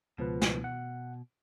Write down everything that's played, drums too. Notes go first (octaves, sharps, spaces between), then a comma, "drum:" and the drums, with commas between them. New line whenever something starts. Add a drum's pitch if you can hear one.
C#2 B2 F3 B4
drum: snare
F#5